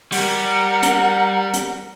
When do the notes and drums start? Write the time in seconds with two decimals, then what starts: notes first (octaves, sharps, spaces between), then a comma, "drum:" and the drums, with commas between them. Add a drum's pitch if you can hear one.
0.12 G3 A#4 F#5, drum: open hi-hat
0.83 drum: hi-hat
1.54 drum: hi-hat